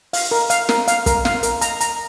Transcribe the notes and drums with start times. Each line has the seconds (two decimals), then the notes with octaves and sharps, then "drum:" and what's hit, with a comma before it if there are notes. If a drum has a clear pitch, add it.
0.13 F5, drum: open hi-hat
0.31 A#4
0.50 F5, drum: hi-hat
0.69 A#4, drum: snare
0.88 F5, drum: hi-hat
1.06 A#4, drum: kick, hi-hat
1.25 F5, drum: snare
1.43 A#4, drum: hi-hat
1.61 A#5, drum: hi-hat
1.80 A#5, drum: hi-hat